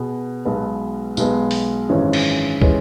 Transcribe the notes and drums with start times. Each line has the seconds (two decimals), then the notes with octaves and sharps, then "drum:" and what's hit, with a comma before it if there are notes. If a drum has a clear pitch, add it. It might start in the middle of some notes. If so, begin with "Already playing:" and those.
Already playing: B2 B3 G#4
0.45 B1 B2 G#3 B3
1.17 B1 B2 G#3 B3, drum: tambourine
1.51 drum: open hi-hat
1.89 G#1 F#2 E3 G#3 C#4
2.13 drum: cymbal
2.62 E3 G#3 C#4, drum: kick